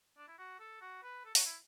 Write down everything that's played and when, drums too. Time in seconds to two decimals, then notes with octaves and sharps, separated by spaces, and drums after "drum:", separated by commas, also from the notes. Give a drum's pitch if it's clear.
0.17 D4
0.28 E4
0.38 F#4
0.60 A4
0.81 F#4
1.03 B4
1.25 A4
1.35 F#4, drum: open hi-hat
1.45 E4